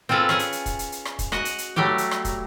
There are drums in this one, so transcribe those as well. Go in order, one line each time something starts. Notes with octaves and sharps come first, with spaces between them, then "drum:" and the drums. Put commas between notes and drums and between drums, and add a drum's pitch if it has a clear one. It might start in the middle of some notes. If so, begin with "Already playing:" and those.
C4 F4 G#4 A4 B4
C#4 G#4, drum: rim click
drum: hi-hat
drum: hi-hat
drum: kick, hi-hat
drum: hi-hat
drum: hi-hat
drum: rim click
drum: kick, hi-hat
F#4 D#5 F#5, drum: rim click
drum: hi-hat
drum: hi-hat
F#3 G3 A3 G4
drum: hi-hat
drum: rim click
drum: kick, hi-hat